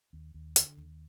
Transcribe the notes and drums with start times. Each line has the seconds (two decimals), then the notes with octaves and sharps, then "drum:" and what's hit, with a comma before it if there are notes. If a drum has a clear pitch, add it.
0.13 D#2
0.34 D#2
0.56 D3, drum: hi-hat
0.77 D#2